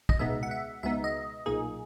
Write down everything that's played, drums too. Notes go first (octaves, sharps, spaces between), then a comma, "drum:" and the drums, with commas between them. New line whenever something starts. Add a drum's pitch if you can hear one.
D#5, drum: kick
C#2 B2 G#3 B3 D#4 E5
F#5
E5
C#2 B2 G#3 B3 D#4 E5
D#5
B1 A#2 A#3 D#4 G#4